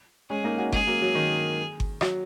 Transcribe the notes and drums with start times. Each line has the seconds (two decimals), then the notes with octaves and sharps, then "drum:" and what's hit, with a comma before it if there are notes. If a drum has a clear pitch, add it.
0.30 G#3 C#4 G#4
0.44 A#3 D#4
0.58 C#4 F#4
0.72 G#3 C#4 G#4, drum: kick G1
0.87 F#3 A#3
1.02 F#3
1.15 D#3
1.80 drum: kick G1
2.01 F#3, drum: rim click